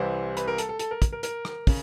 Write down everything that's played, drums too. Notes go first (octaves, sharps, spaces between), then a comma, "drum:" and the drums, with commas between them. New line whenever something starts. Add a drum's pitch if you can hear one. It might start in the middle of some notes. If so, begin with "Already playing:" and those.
Already playing: C2 C3 E3 C5
B4, drum: hi-hat
A#4
A4, drum: hi-hat
A4
A4, drum: hi-hat
A#4
drum: kick, hi-hat
A#4
A#4, drum: hi-hat
drum: rim click
C#3, drum: kick, open hi-hat